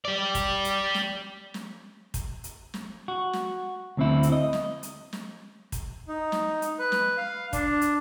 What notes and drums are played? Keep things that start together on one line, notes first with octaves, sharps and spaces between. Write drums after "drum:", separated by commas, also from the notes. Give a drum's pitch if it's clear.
G4 D5
drum: kick, hi-hat
drum: hi-hat
drum: snare
drum: snare
drum: kick, hi-hat
drum: hi-hat
drum: snare
F#4
drum: snare
D2 C4 E4
drum: hi-hat
D#5
drum: snare
drum: hi-hat
drum: snare
drum: kick, hi-hat
D#4
drum: snare
drum: hi-hat
B4
drum: snare
F5
D4, drum: kick, hi-hat
drum: hi-hat